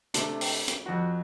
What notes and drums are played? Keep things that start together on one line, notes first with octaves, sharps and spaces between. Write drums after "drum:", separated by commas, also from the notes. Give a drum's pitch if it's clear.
C3 A3 D4, drum: hi-hat
drum: open hi-hat
drum: hi-hat
F2 F#4